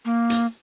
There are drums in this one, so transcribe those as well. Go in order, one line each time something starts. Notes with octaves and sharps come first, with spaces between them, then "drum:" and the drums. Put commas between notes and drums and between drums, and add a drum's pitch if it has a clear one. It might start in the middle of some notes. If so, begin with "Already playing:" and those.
A#3
drum: hi-hat